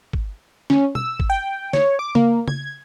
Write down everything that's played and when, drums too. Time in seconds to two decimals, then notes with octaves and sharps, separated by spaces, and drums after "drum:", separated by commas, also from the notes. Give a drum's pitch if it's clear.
0.13 drum: kick
0.70 C#4, drum: snare
0.95 E6, drum: tom B2
1.20 drum: kick
1.30 G5
1.73 C#5, drum: snare
1.99 D6
2.15 A#3, drum: tom C#3
2.48 G#6, drum: tom C#3